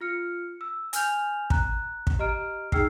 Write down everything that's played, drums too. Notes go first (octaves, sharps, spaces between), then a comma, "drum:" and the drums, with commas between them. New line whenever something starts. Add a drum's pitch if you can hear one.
F4 F6 C#7
E6
G#5 F6 G6 F7, drum: hi-hat
A#5 F#6, drum: kick
drum: kick
G4 D#5 A#5 F6 D7
D#4 G#4 G5 E6 F6 C7, drum: kick